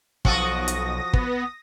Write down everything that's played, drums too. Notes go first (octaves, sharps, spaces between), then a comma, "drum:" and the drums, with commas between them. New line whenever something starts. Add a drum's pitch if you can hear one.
B1 F3 F#4 A4 D#6 A#6, drum: kick
drum: hi-hat
B3, drum: kick